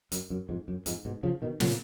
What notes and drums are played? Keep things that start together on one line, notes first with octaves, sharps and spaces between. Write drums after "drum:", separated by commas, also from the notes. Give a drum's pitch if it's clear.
F#2, drum: hi-hat
F#2
F2 G#2
F#2
F2 G#2, drum: hi-hat
G#2 B2
C#3 F3
B2 D#3
A#2 C#3, drum: snare